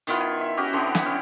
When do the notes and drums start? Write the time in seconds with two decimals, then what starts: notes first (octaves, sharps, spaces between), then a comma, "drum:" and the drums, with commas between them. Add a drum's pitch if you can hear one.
0.07 D#3 B3 E4 F4, drum: hi-hat
0.20 G#5
0.41 E5
0.57 C#4 F#4 G4
0.73 D3 B3 C4 E4
0.95 drum: snare
1.06 C#4 E4